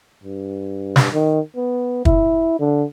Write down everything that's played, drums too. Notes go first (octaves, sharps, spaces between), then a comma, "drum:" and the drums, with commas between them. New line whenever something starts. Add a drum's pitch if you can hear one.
G2
drum: snare
D#3
B3
E4, drum: kick
D3